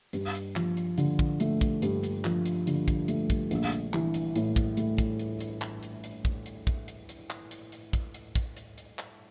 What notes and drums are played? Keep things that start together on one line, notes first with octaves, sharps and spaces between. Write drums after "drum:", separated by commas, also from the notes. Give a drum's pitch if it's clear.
G2, drum: hi-hat
drum: hi-hat
F3, drum: clap
drum: hi-hat
D3, drum: hi-hat
drum: kick
A3, drum: hi-hat
drum: kick, hi-hat
G2, drum: hi-hat
drum: hi-hat
F3, drum: clap
drum: hi-hat
D3, drum: hi-hat
drum: kick, hi-hat
A3, drum: hi-hat
drum: kick, hi-hat
A#1, drum: hi-hat
drum: hi-hat
E3, drum: clap
drum: hi-hat
A2, drum: hi-hat
drum: kick, hi-hat
A3, drum: hi-hat
drum: kick, hi-hat
drum: hi-hat
drum: hi-hat
drum: clap
drum: hi-hat
drum: hi-hat
drum: kick, hi-hat
drum: hi-hat
drum: kick, hi-hat
drum: hi-hat
drum: hi-hat
drum: clap
drum: hi-hat
drum: hi-hat
drum: kick, hi-hat
drum: hi-hat
drum: kick, hi-hat
drum: hi-hat
drum: hi-hat
drum: clap